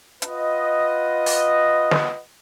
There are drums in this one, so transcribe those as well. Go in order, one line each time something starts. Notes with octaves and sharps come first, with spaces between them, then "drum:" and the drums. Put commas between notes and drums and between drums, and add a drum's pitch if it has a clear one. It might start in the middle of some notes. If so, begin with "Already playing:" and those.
F4 B4 D#5 F#5, drum: hi-hat
drum: open hi-hat
drum: snare